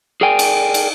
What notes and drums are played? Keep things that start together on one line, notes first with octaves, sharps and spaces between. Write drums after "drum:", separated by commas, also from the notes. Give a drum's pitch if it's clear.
G#4 A#4 D5 G5 G#5
drum: cymbal
drum: cymbal